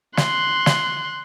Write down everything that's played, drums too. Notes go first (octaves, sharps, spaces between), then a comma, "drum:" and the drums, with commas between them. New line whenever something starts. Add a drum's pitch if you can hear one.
C6 F#6, drum: snare
drum: snare